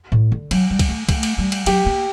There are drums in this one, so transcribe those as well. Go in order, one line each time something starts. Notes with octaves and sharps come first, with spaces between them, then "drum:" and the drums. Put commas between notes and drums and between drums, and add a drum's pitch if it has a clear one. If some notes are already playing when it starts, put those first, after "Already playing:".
A2
D3
F#3, drum: cymbal
G3
drum: kick C2, cymbal
A3
A3, drum: kick C2, cymbal
drum: cymbal
G3
drum: cymbal
F#3 G4, drum: cymbal
A#3